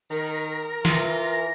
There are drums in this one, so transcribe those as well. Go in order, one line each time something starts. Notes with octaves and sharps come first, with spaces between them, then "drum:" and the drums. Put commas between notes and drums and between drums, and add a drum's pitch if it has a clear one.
D#3 A#4
E3 F4 A#6, drum: snare